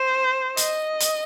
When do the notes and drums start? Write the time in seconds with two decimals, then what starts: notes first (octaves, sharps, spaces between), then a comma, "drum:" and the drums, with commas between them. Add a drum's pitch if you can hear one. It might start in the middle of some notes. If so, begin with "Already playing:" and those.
Already playing: C5
0.57 D#5, drum: hi-hat
1.00 drum: hi-hat